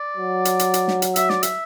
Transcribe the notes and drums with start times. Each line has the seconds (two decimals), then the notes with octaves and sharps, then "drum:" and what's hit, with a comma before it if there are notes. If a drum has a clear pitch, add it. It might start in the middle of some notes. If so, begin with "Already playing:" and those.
Already playing: D5
0.17 F#3
0.45 drum: hi-hat
0.59 drum: hi-hat
0.74 drum: hi-hat
0.88 drum: snare
1.02 drum: hi-hat
1.16 E5, drum: hi-hat
1.30 D5, drum: snare
1.43 E5, drum: hi-hat